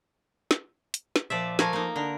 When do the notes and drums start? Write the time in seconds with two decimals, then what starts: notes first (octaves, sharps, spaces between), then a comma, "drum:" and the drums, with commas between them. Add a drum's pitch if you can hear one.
0.51 drum: snare
0.94 drum: hi-hat
1.16 drum: snare
1.30 A#2 F3 D5 E5
1.59 F3 A3 A#4 G#5, drum: snare
1.73 A#3 D#4
1.96 D3 A#4